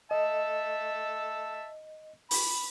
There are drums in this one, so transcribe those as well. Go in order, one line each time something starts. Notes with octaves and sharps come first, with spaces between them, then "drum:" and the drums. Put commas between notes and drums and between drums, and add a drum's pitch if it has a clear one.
D#5 E5 A5
B5, drum: open hi-hat